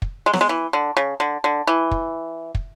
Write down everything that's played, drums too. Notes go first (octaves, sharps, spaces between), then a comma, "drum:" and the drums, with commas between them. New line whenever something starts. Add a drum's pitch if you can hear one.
drum: kick
G#3
F#3, drum: snare B3
G#3
E3
D3
C#3
D3
D3
E3
drum: kick
drum: kick